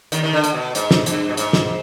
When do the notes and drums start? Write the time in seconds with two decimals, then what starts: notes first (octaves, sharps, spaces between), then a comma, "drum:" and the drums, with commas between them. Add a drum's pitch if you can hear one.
0.12 D#2 D#3, drum: hi-hat
0.24 D#3
0.33 D3
0.44 drum: hi-hat
0.54 B2
0.75 G#2, drum: hi-hat
0.91 drum: snare
1.06 G2, drum: hi-hat
1.29 B2
1.37 G#2, drum: hi-hat
1.53 drum: snare